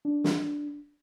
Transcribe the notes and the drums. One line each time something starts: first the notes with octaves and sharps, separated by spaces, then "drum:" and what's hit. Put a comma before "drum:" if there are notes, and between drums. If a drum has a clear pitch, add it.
D4
drum: snare